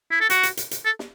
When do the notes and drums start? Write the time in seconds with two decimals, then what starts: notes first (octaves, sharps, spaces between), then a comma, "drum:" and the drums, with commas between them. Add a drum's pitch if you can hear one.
0.11 E4
0.20 A4
0.30 F#4, drum: hi-hat
0.43 drum: hi-hat
0.57 drum: hi-hat
0.71 drum: hi-hat
0.85 A4
0.99 drum: snare